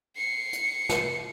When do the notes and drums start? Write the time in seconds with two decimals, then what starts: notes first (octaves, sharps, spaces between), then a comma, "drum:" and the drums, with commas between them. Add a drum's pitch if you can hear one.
0.16 C7 C#7
0.53 drum: hi-hat
0.89 drum: snare